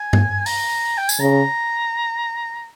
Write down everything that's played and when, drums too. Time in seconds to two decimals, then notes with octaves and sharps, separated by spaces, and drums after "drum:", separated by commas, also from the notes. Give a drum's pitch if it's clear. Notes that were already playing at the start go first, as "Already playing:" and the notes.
Already playing: G#5
0.13 drum: tom G2
0.46 A#5, drum: open hi-hat
0.98 G5
1.09 G#5, drum: tambourine
1.20 C#3 A#5